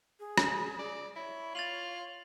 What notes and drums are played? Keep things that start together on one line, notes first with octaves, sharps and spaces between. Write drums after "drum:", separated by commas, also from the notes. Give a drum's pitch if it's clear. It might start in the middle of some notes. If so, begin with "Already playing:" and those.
G#4
drum: rim click
D5
E4 C#5
F4 A6 F7 F#7